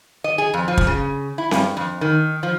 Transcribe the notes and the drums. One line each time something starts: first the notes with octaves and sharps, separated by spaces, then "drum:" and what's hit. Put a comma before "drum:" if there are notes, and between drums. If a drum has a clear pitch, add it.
D#5
G#4
F2
F3
drum: kick
C#3
E4
G2, drum: snare C4
F2
D#3
F3